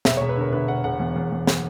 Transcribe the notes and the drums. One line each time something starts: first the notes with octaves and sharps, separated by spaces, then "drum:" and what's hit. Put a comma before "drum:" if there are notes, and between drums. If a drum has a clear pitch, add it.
E1 E5, drum: snare
E1 C#5
B4
D3 A#4
D3 B4
E1 F#5
E1 F#5
E2
E2
E2
drum: snare